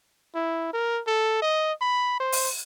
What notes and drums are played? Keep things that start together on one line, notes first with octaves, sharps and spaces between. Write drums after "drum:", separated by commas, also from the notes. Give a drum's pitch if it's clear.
E4
A#4
A4
D#5
B5
C5
drum: open hi-hat